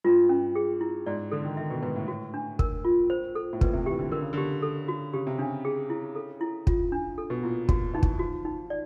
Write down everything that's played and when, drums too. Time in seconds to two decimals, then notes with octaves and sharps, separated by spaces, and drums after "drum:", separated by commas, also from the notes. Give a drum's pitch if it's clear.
0.04 G2 F4
0.29 C#4
0.56 G#4
0.81 E4
1.06 G#2 D5
1.32 D3 A4
1.45 D#3
1.57 D#3 E5
1.70 B2
1.82 G#2 B4
1.96 A2
2.08 A2 F#4
2.34 D4
2.59 A#4, drum: kick
2.85 F4
3.10 C5
3.35 A4
3.53 A2
3.61 A#2 B4, drum: kick
3.73 C3
3.86 E3 G4
3.99 D3
4.11 D3 A#4
4.22 C#3
4.33 D3 G4
4.62 A4
4.88 F#4
5.13 C#3 G4
5.27 C3
5.38 C#3 D4
5.65 G#4
5.90 E4
6.16 A4
6.41 E4
6.67 F4, drum: kick
6.92 D4
7.18 A4
7.30 B2
7.43 A#2 E4
7.69 A#2 F#4, drum: kick
7.94 E3 D#4
8.03 drum: kick
8.19 F3 F#4
8.45 D#4
8.70 D5